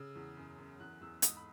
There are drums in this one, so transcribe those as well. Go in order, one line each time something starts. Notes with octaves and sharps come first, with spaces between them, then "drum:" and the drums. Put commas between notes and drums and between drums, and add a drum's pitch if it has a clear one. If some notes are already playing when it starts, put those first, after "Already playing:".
Already playing: C#3 E6
E2
F#2
F#2
E2 F#6
E2 E6
G#2 D#6, drum: hi-hat
B5